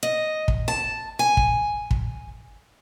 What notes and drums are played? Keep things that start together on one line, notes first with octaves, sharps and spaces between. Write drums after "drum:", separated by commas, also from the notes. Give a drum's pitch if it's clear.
D#5
drum: kick
A5
G#5
drum: kick
drum: kick